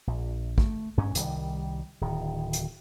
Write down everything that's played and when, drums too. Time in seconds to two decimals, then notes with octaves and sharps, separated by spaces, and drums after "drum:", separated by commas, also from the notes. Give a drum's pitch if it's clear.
0.07 A#1
0.58 A3, drum: kick A1
0.97 G2 C#4
1.15 C2 D#3 G3, drum: hi-hat
2.01 D1 D#3
2.53 drum: hi-hat